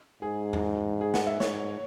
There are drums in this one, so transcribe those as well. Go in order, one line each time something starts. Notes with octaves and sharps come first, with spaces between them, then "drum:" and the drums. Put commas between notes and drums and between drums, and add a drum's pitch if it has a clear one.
G#2 G#4
drum: tom E2
G#4
F#5, drum: snare
E5
G#2 C#5, drum: snare